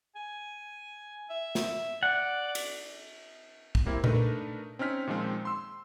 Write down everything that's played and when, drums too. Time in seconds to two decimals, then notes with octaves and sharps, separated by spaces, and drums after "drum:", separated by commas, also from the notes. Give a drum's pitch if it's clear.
0.15 G#5
1.30 E5
1.55 drum: snare
2.03 D5 F#5
2.55 drum: cymbal
3.75 drum: kick
3.86 G3 A#3 C4 E4
4.04 A3 D4 D#4 A#4 B4, drum: tom A#2
4.79 C4 C#4 D#4 F6 B6
5.07 A#2 D#3 F3 G#3 C4
5.45 C6 E6